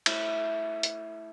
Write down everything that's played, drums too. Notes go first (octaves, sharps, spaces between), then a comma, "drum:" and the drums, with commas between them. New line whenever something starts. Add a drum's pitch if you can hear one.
A3 E4 A4, drum: cymbal
drum: hi-hat